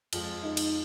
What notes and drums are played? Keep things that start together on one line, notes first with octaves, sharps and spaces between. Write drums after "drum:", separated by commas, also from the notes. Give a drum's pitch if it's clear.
F2 F3 G#3 F4, drum: cymbal
D#4
drum: cymbal